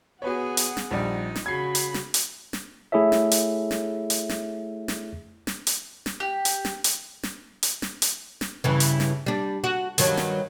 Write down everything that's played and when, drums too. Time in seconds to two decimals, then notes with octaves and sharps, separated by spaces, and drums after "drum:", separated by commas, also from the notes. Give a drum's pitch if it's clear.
0.22 B3 F#4 G#4 B4 C#5 F#5
0.57 drum: hi-hat
0.77 drum: snare
0.91 A#1 G3 D#4 D5
1.36 drum: snare
1.46 C#3 F#4 B5 G#6 C7
1.75 drum: hi-hat
1.94 drum: snare
2.14 drum: hi-hat
2.53 drum: snare
2.92 A3 E4 G#4 A4 C#5 E5
3.12 drum: snare
3.31 drum: hi-hat
3.71 drum: snare
4.10 drum: hi-hat
4.29 drum: snare
4.88 drum: snare
5.47 drum: snare
5.67 drum: hi-hat
6.06 drum: snare
6.20 G4
6.45 drum: hi-hat
6.65 drum: snare
6.84 drum: hi-hat
7.23 drum: snare
7.63 drum: hi-hat
7.82 drum: snare
8.02 drum: hi-hat
8.41 drum: snare
8.64 G2 C#3 E3
8.80 drum: hi-hat
9.00 drum: snare
9.26 G3 D4
9.64 F#4
9.98 G2 D#3 F#3, drum: hi-hat
10.17 drum: snare